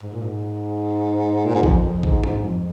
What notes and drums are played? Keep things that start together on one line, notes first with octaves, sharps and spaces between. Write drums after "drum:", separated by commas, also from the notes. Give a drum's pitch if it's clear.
G#2
A#2
G#2
A#2
G#2
F2, drum: kick A1
F2
G#2, drum: kick A1
G#2, drum: tom
F2